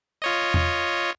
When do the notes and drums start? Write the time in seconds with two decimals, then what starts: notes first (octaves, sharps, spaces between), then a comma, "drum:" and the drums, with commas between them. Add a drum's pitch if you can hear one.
0.22 F4 C#5 D#5
0.54 drum: tom E2